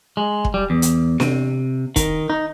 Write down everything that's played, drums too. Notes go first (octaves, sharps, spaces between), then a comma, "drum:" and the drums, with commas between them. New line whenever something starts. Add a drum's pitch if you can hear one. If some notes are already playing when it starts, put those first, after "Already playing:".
G#3
drum: kick
G3
E2
drum: hi-hat
C3, drum: snare
D#3, drum: kick, hi-hat
D#4